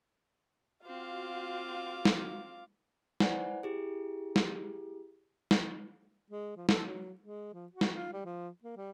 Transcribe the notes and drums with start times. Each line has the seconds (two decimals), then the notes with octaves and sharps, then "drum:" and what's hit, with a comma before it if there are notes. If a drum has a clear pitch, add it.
0.86 C4 F4 F#4 F5 D6
2.05 drum: snare
3.20 E4 B4 C5 D5 F#5 G#5, drum: snare
3.63 E4 G4 G#4
4.36 drum: snare
5.51 drum: snare
6.30 G#3
6.57 F3
6.69 A4, drum: snare
6.85 F#3
7.21 G#3
7.54 F3
7.72 F#4
7.81 drum: snare
7.95 F4
8.13 G3
8.25 F3
8.64 A#3
8.77 G3